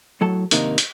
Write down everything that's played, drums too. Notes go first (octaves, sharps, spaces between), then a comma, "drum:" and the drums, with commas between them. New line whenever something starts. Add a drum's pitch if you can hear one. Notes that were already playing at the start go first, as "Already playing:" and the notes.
A2 F#3 A4 A5
G#2 C3 D#3 A#3 D4 D#4, drum: hi-hat
drum: hi-hat